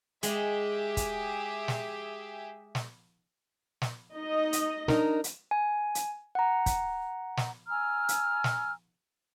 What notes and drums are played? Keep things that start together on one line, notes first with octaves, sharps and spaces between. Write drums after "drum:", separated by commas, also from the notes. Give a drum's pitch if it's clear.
G#3 G4 G#4 E5, drum: hi-hat
drum: kick, hi-hat
drum: snare
drum: snare
drum: snare
D#4 D#5
drum: hi-hat
D4 D#4 A#4, drum: snare
drum: hi-hat
G#5
drum: hi-hat
F#5 A#5
drum: kick, hi-hat
drum: snare
G#5 A#5 E6 F6
drum: hi-hat
drum: snare